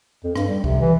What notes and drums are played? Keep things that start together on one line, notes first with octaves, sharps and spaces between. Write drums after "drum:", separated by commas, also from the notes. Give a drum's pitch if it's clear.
F2
G2, drum: rim click
G3
C3, drum: kick
E3